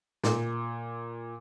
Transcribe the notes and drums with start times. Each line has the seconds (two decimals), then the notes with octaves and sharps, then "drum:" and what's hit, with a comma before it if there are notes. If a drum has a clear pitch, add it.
0.24 A#2, drum: snare